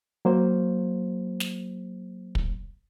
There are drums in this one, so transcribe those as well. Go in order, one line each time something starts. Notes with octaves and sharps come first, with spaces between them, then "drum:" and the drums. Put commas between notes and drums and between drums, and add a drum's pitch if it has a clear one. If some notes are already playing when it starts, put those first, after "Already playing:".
F#3 A#3 C5
drum: snare
drum: kick